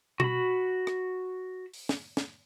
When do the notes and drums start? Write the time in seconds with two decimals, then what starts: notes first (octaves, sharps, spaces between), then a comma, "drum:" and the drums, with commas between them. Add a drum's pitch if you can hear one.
0.20 F#4 B5, drum: tom B2
0.87 drum: rim click
1.74 drum: open hi-hat
1.89 drum: snare
2.17 drum: snare